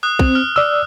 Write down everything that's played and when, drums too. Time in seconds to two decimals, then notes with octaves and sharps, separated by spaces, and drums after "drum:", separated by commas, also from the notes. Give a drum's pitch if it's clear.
0.03 D#6 F#6
0.19 C4, drum: kick
0.35 F6
0.56 D5 E6 F6